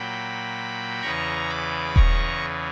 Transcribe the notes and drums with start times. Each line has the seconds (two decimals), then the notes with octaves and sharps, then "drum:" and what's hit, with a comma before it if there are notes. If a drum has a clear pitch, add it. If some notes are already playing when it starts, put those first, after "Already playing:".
Already playing: A#2 F#3 G5 B5
1.02 E2 C#3 E3 A#5 C#6
1.49 B5 D6
1.96 A#5 C#6, drum: kick D#1